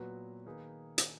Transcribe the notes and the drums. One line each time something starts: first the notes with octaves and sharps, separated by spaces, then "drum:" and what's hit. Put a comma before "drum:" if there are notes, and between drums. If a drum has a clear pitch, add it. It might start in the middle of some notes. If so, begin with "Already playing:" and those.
Already playing: A#2 F#3 B3 F#4 B4
D#3 A#3 D#4 G#4 B4
drum: hi-hat